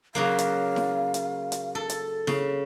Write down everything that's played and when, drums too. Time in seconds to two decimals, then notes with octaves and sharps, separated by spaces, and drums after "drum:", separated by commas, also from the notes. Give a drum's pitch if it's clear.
0.15 C#3 F#3 A#3 F5
0.38 drum: hi-hat
0.76 drum: snare E4
1.14 drum: hi-hat
1.52 drum: hi-hat
1.75 A4
1.89 drum: hi-hat
2.27 C#3, drum: snare E4